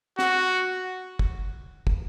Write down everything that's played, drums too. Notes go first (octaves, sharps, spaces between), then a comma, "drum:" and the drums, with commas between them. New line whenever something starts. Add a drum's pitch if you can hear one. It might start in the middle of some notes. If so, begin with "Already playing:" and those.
F#4, drum: snare
drum: kick
drum: kick